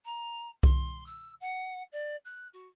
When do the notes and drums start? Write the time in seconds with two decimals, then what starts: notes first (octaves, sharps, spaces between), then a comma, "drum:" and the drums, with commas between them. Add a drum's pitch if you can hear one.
0.05 A#5
0.63 C6, drum: kick C2
1.07 E6
1.41 F#5
1.92 D5
2.25 F#6
2.53 F#4